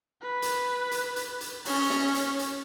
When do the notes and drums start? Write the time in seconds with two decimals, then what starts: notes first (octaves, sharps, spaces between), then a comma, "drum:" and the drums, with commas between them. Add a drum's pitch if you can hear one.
0.22 B4
0.42 drum: hi-hat
0.91 drum: hi-hat
1.16 drum: hi-hat
1.41 drum: hi-hat
1.65 C#4 C#5, drum: open hi-hat
1.90 drum: snare
2.14 drum: hi-hat
2.39 drum: hi-hat